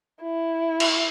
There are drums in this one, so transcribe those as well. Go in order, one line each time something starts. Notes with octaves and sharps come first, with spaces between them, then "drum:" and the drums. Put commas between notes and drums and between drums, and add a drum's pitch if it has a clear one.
E4
drum: cymbal